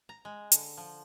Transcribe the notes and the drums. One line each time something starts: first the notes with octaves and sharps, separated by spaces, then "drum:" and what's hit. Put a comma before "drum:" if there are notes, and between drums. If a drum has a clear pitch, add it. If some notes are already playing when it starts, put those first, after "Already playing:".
A#5
G#3
D3, drum: hi-hat
F3